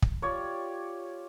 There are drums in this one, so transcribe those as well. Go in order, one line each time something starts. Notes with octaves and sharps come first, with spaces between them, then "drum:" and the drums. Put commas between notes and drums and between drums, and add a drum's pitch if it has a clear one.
drum: kick
F4 G4 C#5 D5